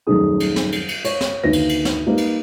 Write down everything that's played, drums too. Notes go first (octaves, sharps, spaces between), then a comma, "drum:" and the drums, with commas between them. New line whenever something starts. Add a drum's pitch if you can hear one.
D#1 F#2 D#3 A3 G#4 D#6
drum: cymbal
drum: snare
drum: cymbal
drum: cymbal
C#5, drum: cymbal
drum: snare
D2 D#3 A#3 B4 A#6
drum: cymbal
drum: cymbal
drum: snare
G3 A#3 D#4 B4
drum: cymbal